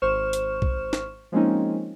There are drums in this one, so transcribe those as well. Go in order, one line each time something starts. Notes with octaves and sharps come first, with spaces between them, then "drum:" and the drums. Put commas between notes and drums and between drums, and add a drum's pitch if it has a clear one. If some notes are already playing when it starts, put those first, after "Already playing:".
G#1 C5 C#6 F6 E7
drum: hi-hat
drum: kick B1
drum: snare
F3 G#3 A#3 C4 C#4 D#4